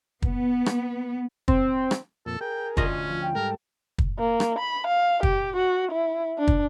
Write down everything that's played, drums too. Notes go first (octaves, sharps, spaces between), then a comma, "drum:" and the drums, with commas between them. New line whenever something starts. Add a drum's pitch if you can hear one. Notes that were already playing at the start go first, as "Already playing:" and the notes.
B3, drum: kick
drum: rim click
C4, drum: kick
drum: rim click
F2 A#2 A4
G#4 A#4 G5
D2 C#4 F4 D#5, drum: kick
F3
G5
G#2 G3 A4 A#4
drum: kick
A#3
drum: rim click
B5
F5
G4, drum: kick
F#4
E4
D4
drum: kick